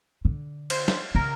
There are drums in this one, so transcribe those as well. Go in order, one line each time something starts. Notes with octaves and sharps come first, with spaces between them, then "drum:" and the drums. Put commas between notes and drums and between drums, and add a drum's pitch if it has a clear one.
D3
C5, drum: cymbal
drum: snare
C#3 A#4